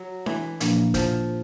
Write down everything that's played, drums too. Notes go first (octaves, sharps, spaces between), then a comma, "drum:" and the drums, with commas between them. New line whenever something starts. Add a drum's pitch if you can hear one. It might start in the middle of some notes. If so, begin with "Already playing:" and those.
Already playing: F#3
E3, drum: snare D4
A#2 F3 A#3 D4, drum: hi-hat
F3, drum: kick, hi-hat